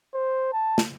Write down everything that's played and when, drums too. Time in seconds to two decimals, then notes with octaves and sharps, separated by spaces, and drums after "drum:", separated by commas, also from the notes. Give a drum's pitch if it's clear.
0.14 C5
0.53 A5
0.78 drum: snare